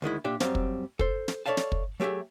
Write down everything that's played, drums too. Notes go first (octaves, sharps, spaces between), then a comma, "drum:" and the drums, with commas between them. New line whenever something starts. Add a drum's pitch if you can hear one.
D2 D#3 G#3 E4
A#2 D4 G4 E5
F#2 G3 C4 F5 A#5, drum: snare
drum: kick
A4 C5, drum: kick
drum: snare
A4 C#5 D5 E5 F5 A5
drum: snare
drum: kick
F#3 A3 G4 G#4 E5